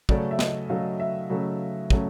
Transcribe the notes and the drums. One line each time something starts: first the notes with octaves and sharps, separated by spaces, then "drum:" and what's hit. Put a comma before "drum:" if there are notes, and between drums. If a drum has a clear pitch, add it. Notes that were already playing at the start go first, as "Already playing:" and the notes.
C#3 F#3 A3 C#4 D5, drum: kick
E5
D#5, drum: snare
C#3 F#3 A3 C#4 F5
E5
C#3 F#3 A3 C#4
C#3 F#3 A3 C#4, drum: kick